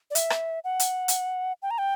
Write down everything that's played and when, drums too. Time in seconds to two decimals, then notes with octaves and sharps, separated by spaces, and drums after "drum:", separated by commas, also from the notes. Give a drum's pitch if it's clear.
0.11 D5
0.15 E5, drum: hi-hat
0.30 drum: rim click
0.64 F#5
0.80 drum: hi-hat
1.08 drum: hi-hat
1.62 G5
1.71 A#5
1.78 G5